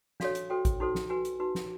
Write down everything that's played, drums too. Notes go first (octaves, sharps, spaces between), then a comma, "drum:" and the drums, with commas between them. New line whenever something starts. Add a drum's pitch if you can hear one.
D4 F#4 A4 C#5 F5, drum: snare
drum: hi-hat
F#4 A4 C5 G5
drum: kick A1, hi-hat
D#4 F#4 A4 C5
drum: snare
F#4 B4 G#5
drum: hi-hat
D#4 F#4 B4
drum: snare